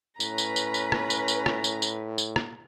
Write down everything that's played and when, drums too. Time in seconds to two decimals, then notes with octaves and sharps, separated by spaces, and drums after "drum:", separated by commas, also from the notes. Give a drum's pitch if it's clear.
0.20 A2 C#4 B4 A#5, drum: tambourine
0.38 drum: tambourine
0.56 drum: tambourine
0.74 drum: tambourine
0.92 drum: rim click
1.10 drum: tambourine
1.28 drum: tambourine
1.46 drum: rim click
1.64 drum: tambourine
1.82 drum: tambourine
2.18 drum: tambourine
2.36 drum: rim click